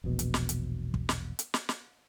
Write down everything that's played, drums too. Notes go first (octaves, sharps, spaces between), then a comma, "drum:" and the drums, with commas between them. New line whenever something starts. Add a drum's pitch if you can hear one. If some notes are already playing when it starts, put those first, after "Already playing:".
E1 A#1 B2
drum: hi-hat
drum: snare
drum: hi-hat
drum: kick
drum: snare
drum: hi-hat
drum: snare
drum: snare